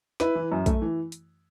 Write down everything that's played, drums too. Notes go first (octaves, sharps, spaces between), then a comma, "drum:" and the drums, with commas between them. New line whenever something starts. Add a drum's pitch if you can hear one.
E4 B4, drum: snare
E3
F#2
A3, drum: kick A#1, hi-hat
E3
drum: hi-hat